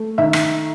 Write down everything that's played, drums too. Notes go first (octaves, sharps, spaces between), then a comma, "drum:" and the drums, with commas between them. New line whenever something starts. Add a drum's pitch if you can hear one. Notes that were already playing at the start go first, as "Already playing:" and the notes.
Already playing: A3
D#3 E5
drum: rim click